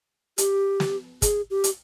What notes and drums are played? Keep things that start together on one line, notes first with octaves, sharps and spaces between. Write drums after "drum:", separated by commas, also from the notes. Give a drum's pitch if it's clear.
G4, drum: hi-hat
drum: snare
G#4, drum: kick, hi-hat
G4
drum: hi-hat